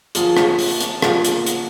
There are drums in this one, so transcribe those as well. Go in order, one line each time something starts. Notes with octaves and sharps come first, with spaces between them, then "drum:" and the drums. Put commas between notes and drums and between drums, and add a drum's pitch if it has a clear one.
D3 F3 A#3 F4 G#4, drum: hi-hat
drum: rim click
drum: open hi-hat
drum: hi-hat
D3 F3 A#3 F4 G#4, drum: rim click
drum: hi-hat
drum: hi-hat